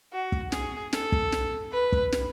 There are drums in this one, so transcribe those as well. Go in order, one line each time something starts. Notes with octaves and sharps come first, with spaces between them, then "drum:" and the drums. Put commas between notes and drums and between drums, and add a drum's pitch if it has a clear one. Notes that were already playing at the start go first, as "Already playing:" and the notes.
F#4
drum: kick
G#4, drum: snare
A4, drum: snare
drum: kick
drum: snare
B4
drum: kick
drum: snare